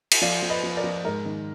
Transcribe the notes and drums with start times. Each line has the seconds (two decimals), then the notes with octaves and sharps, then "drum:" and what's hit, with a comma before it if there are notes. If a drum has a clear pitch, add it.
0.12 drum: cymbal
0.22 F3 D5 F5
0.43 F3
0.50 B4 D#5
0.63 F3
0.77 A#4 D5
0.84 F3
1.05 G#2 A#4
1.25 D#3